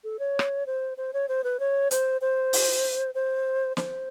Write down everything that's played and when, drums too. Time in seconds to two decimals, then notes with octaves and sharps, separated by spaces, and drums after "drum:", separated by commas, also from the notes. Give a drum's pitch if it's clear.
0.04 A4
0.19 C#5
0.39 drum: rim click
0.66 C5
0.97 C5
1.13 C#5
1.28 C5
1.44 B4
1.60 C#5
1.91 C5, drum: hi-hat
2.21 C5
2.53 drum: open hi-hat
3.15 C5
3.77 C5, drum: snare